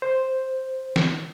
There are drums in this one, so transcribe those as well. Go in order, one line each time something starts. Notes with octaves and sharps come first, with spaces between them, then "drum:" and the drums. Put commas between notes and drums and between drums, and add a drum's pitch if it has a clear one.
C5
drum: snare